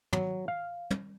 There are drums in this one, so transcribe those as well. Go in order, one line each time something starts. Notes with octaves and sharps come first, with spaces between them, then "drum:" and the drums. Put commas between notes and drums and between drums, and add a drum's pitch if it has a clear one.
F#3, drum: tom
F5
drum: tom